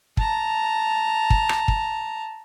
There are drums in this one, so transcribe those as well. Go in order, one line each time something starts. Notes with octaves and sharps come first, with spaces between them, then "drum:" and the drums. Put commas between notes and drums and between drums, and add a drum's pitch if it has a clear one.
A5 A#5, drum: kick
drum: kick
drum: rim click
drum: kick